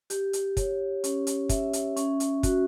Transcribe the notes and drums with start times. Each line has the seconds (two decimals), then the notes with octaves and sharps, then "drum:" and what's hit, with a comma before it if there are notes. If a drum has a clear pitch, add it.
0.10 G4, drum: hi-hat
0.33 drum: hi-hat
0.57 C#5, drum: kick, hi-hat
1.04 C#4, drum: hi-hat
1.27 drum: hi-hat
1.49 E5, drum: kick, hi-hat
1.73 drum: hi-hat
1.97 C#4, drum: hi-hat
2.20 drum: hi-hat
2.43 F#4, drum: kick, hi-hat